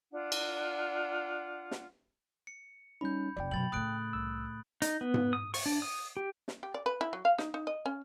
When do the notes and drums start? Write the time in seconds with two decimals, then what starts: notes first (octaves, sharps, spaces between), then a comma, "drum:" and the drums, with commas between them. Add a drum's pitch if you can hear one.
0.11 D4 F4 F#5
0.32 drum: cymbal
1.71 drum: snare
2.47 C#7
3.01 G3 C#4 D#4 B5 G6
3.37 F1 C4 D5 G5
3.51 F#2 B2 G5 B5 A6 F#7
3.72 A2 C#3 D#6 F#6 D7
4.13 C2 E6
4.82 D#4, drum: hi-hat
5.01 B3
5.14 drum: tom G#2
5.33 D#6
5.54 C#6, drum: open hi-hat
5.66 D4
5.82 D#6
6.17 G4
6.48 drum: snare
6.63 G4
6.74 D5
6.86 B4
7.01 E4
7.13 F#3
7.25 F5
7.38 D#4, drum: snare
7.54 D#4
7.67 D#5
7.86 C#4